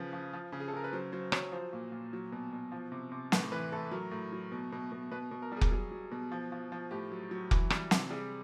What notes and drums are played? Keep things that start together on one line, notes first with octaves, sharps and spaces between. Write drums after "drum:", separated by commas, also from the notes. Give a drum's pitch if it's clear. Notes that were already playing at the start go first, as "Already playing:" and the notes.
Already playing: C#3 F3 B4
F3
F3
C#3
G#4
A4
C#3 A#4
B4
F#3 C5
F#3 C5
F#3 C#5, drum: rim click
F3 C5
A#2
A#2
F#3
B2
B2
F3
C3
C3
A2 B4, drum: snare
E3 B4
A2 A4
F#3 A#4
A2
F#3
B2
B2
B2
B2 B4
B2
A#4
G3 G#4
drum: kick F1
F#3 G#4
F#3
B2
F3
F3
F3
A2 G4
F#3
F#3
E3, drum: kick F1
G3, drum: rim click
C3, drum: snare
G3 G#4